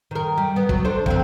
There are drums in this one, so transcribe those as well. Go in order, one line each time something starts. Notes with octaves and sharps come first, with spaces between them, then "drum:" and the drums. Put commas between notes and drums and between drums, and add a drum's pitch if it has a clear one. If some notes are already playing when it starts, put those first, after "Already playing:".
D#3 A#4
G3
B3
F#3, drum: kick
D4 A4 C5
F2 A#2 C4, drum: kick